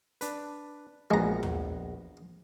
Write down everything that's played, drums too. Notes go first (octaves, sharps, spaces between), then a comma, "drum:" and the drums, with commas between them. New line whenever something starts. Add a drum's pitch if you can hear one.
D4 B4, drum: hi-hat
A#1 G#3 B3 F#4 A#5
drum: tom D#2